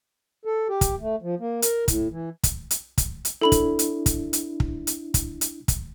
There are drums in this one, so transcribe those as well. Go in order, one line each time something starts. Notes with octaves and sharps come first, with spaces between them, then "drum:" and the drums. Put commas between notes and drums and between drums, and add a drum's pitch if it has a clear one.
A4
G4
drum: kick, hi-hat
A3
F3
A#3
A#4, drum: hi-hat
A2, drum: kick, hi-hat
E3
drum: kick, hi-hat
drum: hi-hat
drum: kick, hi-hat
drum: hi-hat
D4 E4 A4 B5 F#7
drum: kick, hi-hat
drum: hi-hat
drum: kick, hi-hat
drum: hi-hat
drum: kick
drum: hi-hat
drum: kick, hi-hat
drum: hi-hat
drum: kick, hi-hat